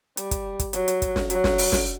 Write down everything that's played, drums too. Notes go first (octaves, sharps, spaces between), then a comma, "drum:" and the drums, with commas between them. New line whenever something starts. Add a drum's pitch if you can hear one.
G3, drum: hi-hat
drum: kick, hi-hat
drum: kick, hi-hat
F#3, drum: hi-hat
drum: hi-hat
drum: kick, hi-hat
drum: snare
F#3, drum: hi-hat
drum: snare
drum: open hi-hat
drum: snare